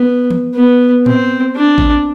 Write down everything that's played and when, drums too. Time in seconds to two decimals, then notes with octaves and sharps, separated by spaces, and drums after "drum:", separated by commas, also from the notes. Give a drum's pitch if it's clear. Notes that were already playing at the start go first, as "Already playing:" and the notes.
Already playing: B3
0.31 drum: tom E3
0.55 B3
1.06 C4, drum: tom A2
1.57 D4
1.78 drum: kick A1